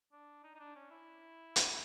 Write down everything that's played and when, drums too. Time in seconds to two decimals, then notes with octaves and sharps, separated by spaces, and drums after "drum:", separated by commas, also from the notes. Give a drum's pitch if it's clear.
0.12 D4
0.44 D#4
0.55 D#4
0.59 D4
0.75 C#4
0.91 E4
1.56 drum: hi-hat